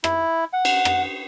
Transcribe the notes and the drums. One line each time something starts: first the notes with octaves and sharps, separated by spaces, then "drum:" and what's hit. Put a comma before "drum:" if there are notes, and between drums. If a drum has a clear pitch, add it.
E4, drum: rim click
F#5
drum: cymbal
drum: rim click